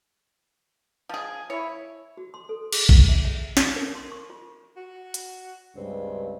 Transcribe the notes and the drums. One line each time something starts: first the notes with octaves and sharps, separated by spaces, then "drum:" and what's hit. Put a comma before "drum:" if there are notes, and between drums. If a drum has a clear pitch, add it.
F3 G#4
E4 C#5
F#4
C6
A4
G#4, drum: cymbal
F#5, drum: kick
E5
E5
F5, drum: snare
A#4
C6
C#6
F4
F#4
drum: hi-hat
C#2 G2 C4